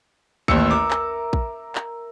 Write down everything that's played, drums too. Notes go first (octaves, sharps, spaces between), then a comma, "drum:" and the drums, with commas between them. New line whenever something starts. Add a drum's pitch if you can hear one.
A1 D#2 E5 C#7, drum: kick A#1
A#4 D6
drum: clap
drum: kick A#1
drum: clap